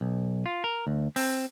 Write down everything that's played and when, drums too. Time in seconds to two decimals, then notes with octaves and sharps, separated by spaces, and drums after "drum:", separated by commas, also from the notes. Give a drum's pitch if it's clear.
0.01 B1
0.46 F4
0.64 A#4
0.87 D2
1.16 C4, drum: open hi-hat